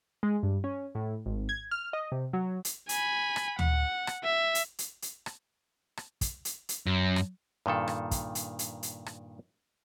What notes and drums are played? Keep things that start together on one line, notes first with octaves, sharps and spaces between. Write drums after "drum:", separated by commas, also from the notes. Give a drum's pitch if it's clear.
G#3
G2
C#4
A2
G#1
G#6
F6
D#5
C3
F#3
drum: hi-hat
G#5 B5, drum: hi-hat
drum: rim click
F#5, drum: tom D2
drum: rim click
E5
drum: hi-hat
drum: hi-hat
drum: hi-hat
drum: rim click
drum: rim click
drum: kick, hi-hat
drum: hi-hat
drum: hi-hat
F#2
drum: rim click
G2 A#2 D#3 A4
drum: rim click
drum: kick, hi-hat
drum: hi-hat
drum: hi-hat
drum: hi-hat
drum: rim click